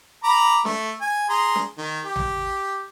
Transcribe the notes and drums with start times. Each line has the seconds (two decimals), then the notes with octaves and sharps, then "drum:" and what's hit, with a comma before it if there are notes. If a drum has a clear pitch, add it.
0.24 A#5 B5 D6
0.65 A3, drum: snare
1.01 G#5
1.29 G#4 A#5 C6
1.55 drum: snare
1.78 D#3
2.05 G4
2.16 drum: tom